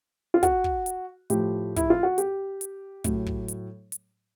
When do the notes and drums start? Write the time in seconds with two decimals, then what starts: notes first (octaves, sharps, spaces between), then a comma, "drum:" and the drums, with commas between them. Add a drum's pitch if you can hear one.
0.34 F4
0.43 F#4, drum: kick, hi-hat
0.64 drum: kick
0.86 drum: hi-hat
1.30 A2 F3 G4, drum: hi-hat
1.76 E4, drum: kick, hi-hat
1.90 F4
2.03 F#4
2.18 G4, drum: hi-hat
2.61 drum: hi-hat
3.04 A2 F#3, drum: kick, hi-hat
3.26 drum: kick
3.48 drum: hi-hat
3.92 drum: hi-hat